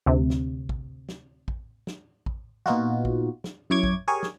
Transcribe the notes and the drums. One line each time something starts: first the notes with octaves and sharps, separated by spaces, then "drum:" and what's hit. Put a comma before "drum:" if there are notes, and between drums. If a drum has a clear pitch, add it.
D2 C3
drum: snare
drum: kick A1
drum: snare
drum: kick A1
drum: snare
drum: kick A1
A#2 B3 D#4 F4 F#4, drum: snare
drum: kick A1
drum: snare
F#2 E4 C#5 D6 G#6
drum: kick A1
G4 G#4 A#4 C#5 G#5
drum: snare